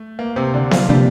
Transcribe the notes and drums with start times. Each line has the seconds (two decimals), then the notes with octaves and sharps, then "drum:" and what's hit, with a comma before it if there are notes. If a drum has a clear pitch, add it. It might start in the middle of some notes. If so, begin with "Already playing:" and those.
Already playing: A3
0.19 A#3
0.36 C3 C4
0.54 D3 D4
0.71 F3 F4, drum: snare B3
0.89 C3 F3 G3 A#3 D4 G4